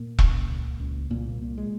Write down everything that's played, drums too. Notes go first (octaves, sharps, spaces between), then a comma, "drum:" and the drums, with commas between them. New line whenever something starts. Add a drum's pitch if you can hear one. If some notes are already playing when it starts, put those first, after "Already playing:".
Already playing: A#2 A#3
C#2, drum: kick E1
C#2
C#2
C2 A#2 A#3
A#2
G#3